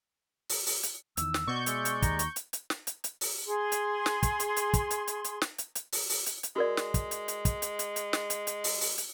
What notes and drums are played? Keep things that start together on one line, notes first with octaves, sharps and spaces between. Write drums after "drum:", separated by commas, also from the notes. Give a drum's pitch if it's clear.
drum: open hi-hat
drum: open hi-hat
drum: hi-hat
E2 D#3 E6, drum: hi-hat
drum: snare
B2 F#4 D5 C#6 G6
G#3 D5 E5, drum: hi-hat
drum: hi-hat
D#2 A#5, drum: kick, hi-hat
drum: hi-hat
drum: hi-hat
drum: hi-hat
drum: snare
drum: hi-hat
drum: hi-hat
drum: open hi-hat
G#4 C6
drum: hi-hat
drum: snare
drum: kick, hi-hat
drum: hi-hat
drum: hi-hat
drum: kick, hi-hat
drum: hi-hat
drum: hi-hat
drum: hi-hat
drum: snare
drum: hi-hat
drum: hi-hat
drum: open hi-hat
drum: open hi-hat
drum: hi-hat
drum: hi-hat
G#3 F#4 A#4 D5
drum: snare
drum: kick, hi-hat
drum: hi-hat
drum: hi-hat
drum: kick, hi-hat
drum: hi-hat
drum: hi-hat
drum: hi-hat
drum: snare
drum: hi-hat
drum: hi-hat
drum: open hi-hat
drum: open hi-hat
drum: hi-hat